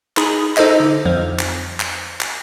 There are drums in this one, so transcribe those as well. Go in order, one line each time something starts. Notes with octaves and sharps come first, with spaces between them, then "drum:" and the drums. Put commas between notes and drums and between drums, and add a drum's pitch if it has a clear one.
D#4 G#4 B5, drum: clap
D#4 A4 C5 D#5, drum: clap
D3
F2 F3
drum: clap
drum: clap
drum: clap